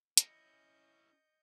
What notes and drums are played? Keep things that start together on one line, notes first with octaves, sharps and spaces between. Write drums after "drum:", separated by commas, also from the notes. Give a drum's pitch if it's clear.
C#4 E4 D#5 G6 A#6 C#7, drum: hi-hat